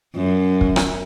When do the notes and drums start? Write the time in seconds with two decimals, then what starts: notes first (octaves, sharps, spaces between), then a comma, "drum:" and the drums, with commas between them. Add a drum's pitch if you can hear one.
0.16 F#2
0.61 drum: kick
0.76 drum: rim click